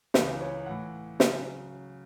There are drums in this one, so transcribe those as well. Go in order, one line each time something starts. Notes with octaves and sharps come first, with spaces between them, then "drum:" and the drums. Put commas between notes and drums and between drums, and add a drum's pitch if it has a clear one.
C#2 C#3 E3 B4, drum: snare
C#5
A2 E3 F#5
C#3 F#3, drum: snare